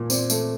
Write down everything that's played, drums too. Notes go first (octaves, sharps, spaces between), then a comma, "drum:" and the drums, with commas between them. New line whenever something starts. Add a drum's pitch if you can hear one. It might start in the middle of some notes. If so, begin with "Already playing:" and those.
Already playing: A#2
C4 D5, drum: tambourine
A3, drum: tambourine